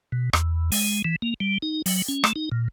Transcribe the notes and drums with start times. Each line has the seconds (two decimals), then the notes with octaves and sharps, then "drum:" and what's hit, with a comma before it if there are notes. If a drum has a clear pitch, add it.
0.12 B2
0.33 E2, drum: rim click
0.72 G#3, drum: open hi-hat
1.05 E3
1.22 A#3
1.40 G3
1.62 D#4
1.86 F#3, drum: open hi-hat
2.08 C#4
2.24 A3, drum: rim click
2.36 D#4
2.52 A#2